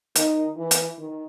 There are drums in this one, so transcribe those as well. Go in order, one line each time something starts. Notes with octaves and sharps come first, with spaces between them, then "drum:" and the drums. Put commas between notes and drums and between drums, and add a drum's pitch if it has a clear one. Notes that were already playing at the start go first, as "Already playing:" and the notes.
D#3 D#4, drum: hi-hat
E3 E4
drum: hi-hat
D#3